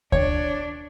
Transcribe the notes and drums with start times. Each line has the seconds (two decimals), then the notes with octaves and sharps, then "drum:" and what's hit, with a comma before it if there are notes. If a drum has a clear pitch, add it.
0.12 D4 C#5, drum: kick D2